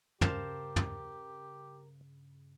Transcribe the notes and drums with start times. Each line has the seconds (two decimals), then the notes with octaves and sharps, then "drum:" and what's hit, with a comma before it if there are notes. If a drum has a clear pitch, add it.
0.21 G2 C#3 G4 A#4 C5 F5 A5, drum: tom
0.76 drum: tom